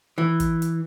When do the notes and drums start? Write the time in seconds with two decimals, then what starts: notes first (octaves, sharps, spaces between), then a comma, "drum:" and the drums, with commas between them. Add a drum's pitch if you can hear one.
0.18 E3
0.40 drum: kick, hi-hat
0.62 drum: hi-hat